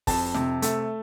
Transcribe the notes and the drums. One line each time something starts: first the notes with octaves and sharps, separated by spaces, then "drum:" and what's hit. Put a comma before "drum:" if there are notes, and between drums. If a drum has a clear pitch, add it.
F2 A5, drum: kick, open hi-hat
C3, drum: snare
A3, drum: hi-hat